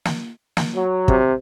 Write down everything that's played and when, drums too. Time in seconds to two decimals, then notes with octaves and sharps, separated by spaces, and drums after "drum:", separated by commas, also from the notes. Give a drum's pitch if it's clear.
0.05 drum: snare
0.57 drum: snare
0.74 F#3
1.08 C3, drum: kick